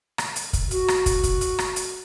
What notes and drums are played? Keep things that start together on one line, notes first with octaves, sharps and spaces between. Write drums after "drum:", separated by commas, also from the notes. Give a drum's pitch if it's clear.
drum: rim click
drum: hi-hat
drum: kick, hi-hat
F#4, drum: hi-hat
drum: rim click
drum: kick, hi-hat
drum: kick, hi-hat
drum: hi-hat
drum: rim click
drum: hi-hat